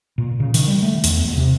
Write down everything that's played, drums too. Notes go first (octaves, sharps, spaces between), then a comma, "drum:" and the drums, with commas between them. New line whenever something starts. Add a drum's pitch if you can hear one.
A#2
C#3
D#3, drum: hi-hat
G3
A3
E2, drum: hi-hat
D#2
C3